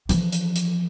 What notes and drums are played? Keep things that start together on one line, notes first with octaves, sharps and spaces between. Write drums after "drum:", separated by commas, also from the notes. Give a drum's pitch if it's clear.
E3 F3, drum: hi-hat
drum: hi-hat
drum: hi-hat